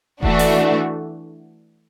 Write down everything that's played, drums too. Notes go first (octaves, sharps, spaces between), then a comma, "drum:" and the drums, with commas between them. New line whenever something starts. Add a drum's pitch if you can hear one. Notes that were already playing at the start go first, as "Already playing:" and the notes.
E3 A3 D4 F#4, drum: kick E1
drum: open hi-hat